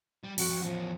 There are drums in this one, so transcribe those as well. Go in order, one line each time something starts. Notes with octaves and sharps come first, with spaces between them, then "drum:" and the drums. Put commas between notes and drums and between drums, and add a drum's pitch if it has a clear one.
G3
F2 F#4, drum: open hi-hat
F2
E2 F3 C#4